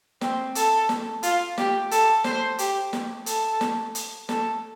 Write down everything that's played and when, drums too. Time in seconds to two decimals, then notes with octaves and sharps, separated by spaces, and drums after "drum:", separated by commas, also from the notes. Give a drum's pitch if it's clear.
0.21 C4, drum: snare
0.55 A4, drum: hi-hat
0.89 drum: snare
1.23 F4, drum: hi-hat
1.58 G4, drum: snare
1.91 A4, drum: hi-hat
2.24 C5, drum: snare
2.58 G4, drum: hi-hat
2.93 drum: snare
3.26 A4, drum: hi-hat
3.61 drum: snare
3.95 drum: hi-hat
4.29 A4, drum: snare